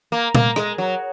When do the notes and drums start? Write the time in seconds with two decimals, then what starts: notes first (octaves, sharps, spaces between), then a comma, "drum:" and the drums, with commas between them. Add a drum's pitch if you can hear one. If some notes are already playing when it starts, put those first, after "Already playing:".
0.12 A#3
0.35 A#3, drum: tom A#2
0.56 G#3, drum: rim click
0.78 F#3